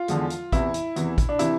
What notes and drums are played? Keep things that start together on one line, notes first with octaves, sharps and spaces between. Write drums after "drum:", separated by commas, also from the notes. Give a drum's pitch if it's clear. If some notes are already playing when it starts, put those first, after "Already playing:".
Already playing: F4
E2 D3 F3 G#3, drum: hi-hat
drum: hi-hat
E2 C3 E3 E4, drum: kick, hi-hat
drum: hi-hat
E2 C3 E3, drum: hi-hat
drum: kick, hi-hat
D4
C3 E3 E4, drum: hi-hat